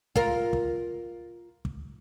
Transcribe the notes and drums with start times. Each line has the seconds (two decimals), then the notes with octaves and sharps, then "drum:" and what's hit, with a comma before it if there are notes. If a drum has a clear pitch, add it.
0.16 F4 A#4, drum: kick
0.53 drum: kick
1.65 drum: kick